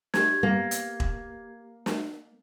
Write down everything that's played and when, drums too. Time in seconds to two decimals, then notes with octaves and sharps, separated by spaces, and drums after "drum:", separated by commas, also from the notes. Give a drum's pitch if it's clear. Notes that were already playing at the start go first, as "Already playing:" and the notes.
0.14 G4 G#6, drum: snare
0.43 A#3
0.71 drum: hi-hat
1.00 drum: kick E1
1.86 drum: snare